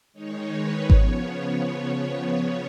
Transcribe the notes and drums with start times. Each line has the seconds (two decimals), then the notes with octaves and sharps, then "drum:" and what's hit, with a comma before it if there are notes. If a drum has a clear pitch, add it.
0.13 D#3 G#3 D#4 C#5
0.52 B4
0.90 C#3 F3 B3 C#5, drum: kick G#1